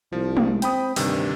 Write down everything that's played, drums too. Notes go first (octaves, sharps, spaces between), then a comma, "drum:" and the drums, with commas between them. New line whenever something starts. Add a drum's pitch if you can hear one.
C2 F3
drum: tom G#3
C4 G5 B5 D#6, drum: hi-hat
D2 G2 C3 D#3, drum: open hi-hat